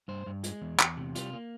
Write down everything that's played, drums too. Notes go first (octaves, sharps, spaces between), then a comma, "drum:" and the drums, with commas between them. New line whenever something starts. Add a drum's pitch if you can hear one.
G2 C5
G2
G#3, drum: hi-hat
E2
E2 G4, drum: clap
C3
G3 F4, drum: hi-hat
A#3